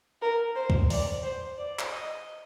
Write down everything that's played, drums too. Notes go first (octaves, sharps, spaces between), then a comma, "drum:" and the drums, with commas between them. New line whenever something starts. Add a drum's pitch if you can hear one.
A#4
C5
drum: kick
D5, drum: open hi-hat
C5
D5
drum: clap
D#5